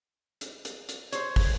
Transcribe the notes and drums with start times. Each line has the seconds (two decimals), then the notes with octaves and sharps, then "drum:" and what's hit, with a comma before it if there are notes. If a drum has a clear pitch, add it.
0.41 drum: hi-hat
0.65 drum: hi-hat
0.89 drum: hi-hat
1.12 C5 C#5 G#6, drum: hi-hat
1.36 drum: kick, open hi-hat